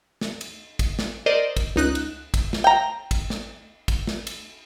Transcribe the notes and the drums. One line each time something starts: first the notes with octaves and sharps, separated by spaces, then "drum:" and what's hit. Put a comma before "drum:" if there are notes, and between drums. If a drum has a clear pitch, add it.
drum: snare
drum: cymbal
drum: kick, cymbal
drum: snare
A#4 C5 D5 D#5
drum: kick, cymbal
C#2 D#4 F#6, drum: snare
drum: cymbal
drum: kick, cymbal
drum: snare
G5 A#5
drum: kick, cymbal
drum: snare
drum: kick, cymbal
drum: snare
drum: cymbal